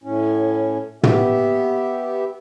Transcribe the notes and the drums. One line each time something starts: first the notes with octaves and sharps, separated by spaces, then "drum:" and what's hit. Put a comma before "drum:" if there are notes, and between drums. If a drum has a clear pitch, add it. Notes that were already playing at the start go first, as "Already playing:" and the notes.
A2 C#4
B3 G4 E5, drum: tom